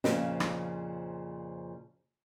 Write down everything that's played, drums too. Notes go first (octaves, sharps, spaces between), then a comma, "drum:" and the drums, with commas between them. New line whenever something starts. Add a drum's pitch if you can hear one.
F2 A#2 C#3 F3, drum: snare
drum: rim click